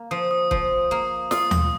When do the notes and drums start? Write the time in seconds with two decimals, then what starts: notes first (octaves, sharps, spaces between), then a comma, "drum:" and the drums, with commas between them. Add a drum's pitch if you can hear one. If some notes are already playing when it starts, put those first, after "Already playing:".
Already playing: A#3
0.11 F3 D#6
0.31 D#6
0.51 F3, drum: kick C#1
0.91 A#3
1.31 F4 D#6, drum: snare
1.51 drum: tom D#2